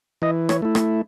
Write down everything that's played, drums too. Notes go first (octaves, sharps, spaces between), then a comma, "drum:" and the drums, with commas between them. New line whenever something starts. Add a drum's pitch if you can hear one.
E3 D#5
C#5, drum: rim click
A3 E4
drum: rim click